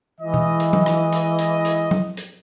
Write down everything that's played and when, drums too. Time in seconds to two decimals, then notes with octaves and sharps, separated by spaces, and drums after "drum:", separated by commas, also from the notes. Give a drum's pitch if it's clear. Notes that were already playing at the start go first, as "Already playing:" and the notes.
0.21 E3 G#3 E4 D#5
0.34 drum: tom B2
0.60 drum: hi-hat
0.73 drum: tom
0.86 drum: rim click
1.13 drum: hi-hat
1.39 drum: hi-hat
1.65 drum: hi-hat
1.91 drum: tom
2.17 drum: hi-hat